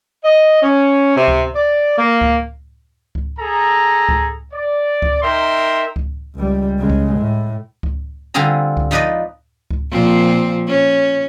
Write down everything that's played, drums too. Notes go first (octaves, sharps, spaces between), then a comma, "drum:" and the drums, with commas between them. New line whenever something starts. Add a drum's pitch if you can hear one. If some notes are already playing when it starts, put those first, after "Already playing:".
D#5
C#4
C3
drum: kick C#2
D5
A#3
drum: kick C#2
drum: kick C#2
G#4 A4 A#5
drum: kick C#2
D5
drum: kick C#2
D#4 A#4 E5 G5 C6
drum: kick C#2
C#2 G3
C#3 G#3
drum: kick C#2
A2
drum: kick C#2
D3 G3 C4 F4 G#4 A#5
drum: kick C#2
F3 D#4 B4 D5 D#5
drum: kick C#2
A#2 F3 C4
C#4